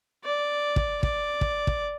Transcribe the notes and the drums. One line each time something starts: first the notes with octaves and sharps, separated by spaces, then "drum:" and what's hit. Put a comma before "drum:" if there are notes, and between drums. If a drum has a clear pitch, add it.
D5
drum: kick
D5, drum: kick
drum: kick
drum: kick